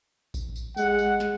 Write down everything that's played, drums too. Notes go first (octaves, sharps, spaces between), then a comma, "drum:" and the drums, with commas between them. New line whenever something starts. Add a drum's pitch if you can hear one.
drum: kick A1, tambourine
drum: tambourine
G#3 F#5, drum: tambourine
drum: tambourine
drum: snare